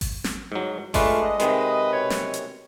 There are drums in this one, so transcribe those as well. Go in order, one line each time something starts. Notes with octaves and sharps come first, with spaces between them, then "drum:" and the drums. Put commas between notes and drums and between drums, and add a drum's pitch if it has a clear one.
drum: kick G#1, open hi-hat
drum: snare
G#2 F#3
G#3 A3 D4 F4 B4, drum: kick G#1, open hi-hat
D#5
C3 D#3 G#3 B4, drum: hi-hat
B2 C#5
drum: snare
drum: hi-hat